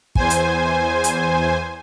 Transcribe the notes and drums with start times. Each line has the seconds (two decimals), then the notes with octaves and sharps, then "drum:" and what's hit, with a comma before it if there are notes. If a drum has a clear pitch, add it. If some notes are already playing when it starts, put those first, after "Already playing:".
0.15 E2 C5 G#5, drum: kick
0.30 drum: hi-hat
1.04 drum: hi-hat